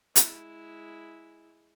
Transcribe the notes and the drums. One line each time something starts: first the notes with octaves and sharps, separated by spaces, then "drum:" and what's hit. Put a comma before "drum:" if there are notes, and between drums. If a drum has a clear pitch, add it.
G#3 E4, drum: hi-hat